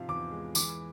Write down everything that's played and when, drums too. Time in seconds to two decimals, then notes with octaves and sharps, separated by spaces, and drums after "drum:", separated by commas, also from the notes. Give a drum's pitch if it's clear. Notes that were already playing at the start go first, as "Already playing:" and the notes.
Already playing: G#2 C3 F3 F5
0.08 E2 D6
0.31 G#3
0.55 E3 D6, drum: tambourine